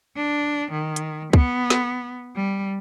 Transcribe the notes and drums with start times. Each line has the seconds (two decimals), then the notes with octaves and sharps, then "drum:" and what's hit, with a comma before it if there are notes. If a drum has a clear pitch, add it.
0.17 D4
0.72 D#3
0.96 drum: hi-hat
1.33 B3, drum: kick
1.70 drum: snare
2.36 G3